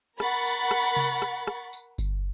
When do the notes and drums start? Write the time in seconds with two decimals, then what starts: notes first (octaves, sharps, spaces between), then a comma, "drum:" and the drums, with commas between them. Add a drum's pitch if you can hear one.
0.20 A#4 F#5 B5 C#6 A6, drum: rim click
0.45 drum: tambourine
0.71 drum: rim click
0.96 drum: tom C3
1.22 drum: rim click
1.47 drum: rim click
1.73 drum: tambourine
1.98 drum: kick G1, tambourine